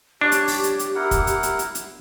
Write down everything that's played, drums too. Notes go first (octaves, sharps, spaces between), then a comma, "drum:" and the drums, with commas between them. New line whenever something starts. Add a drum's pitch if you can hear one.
D4 G4 C#5 A5
drum: hi-hat
drum: open hi-hat
drum: hi-hat
drum: hi-hat
E4 A#4 F#5
drum: kick, hi-hat
drum: hi-hat
drum: hi-hat
drum: hi-hat
drum: hi-hat